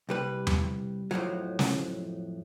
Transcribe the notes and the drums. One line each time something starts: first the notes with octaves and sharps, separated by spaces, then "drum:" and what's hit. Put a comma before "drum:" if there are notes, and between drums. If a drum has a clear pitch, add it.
C2 G3 B4
drum: tom E2
F2 A2 F3 F#3
drum: snare